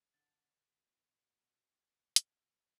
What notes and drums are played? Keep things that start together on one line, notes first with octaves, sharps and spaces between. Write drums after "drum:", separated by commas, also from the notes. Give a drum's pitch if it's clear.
B2 D3 F#4 F#5 A5 A6
drum: hi-hat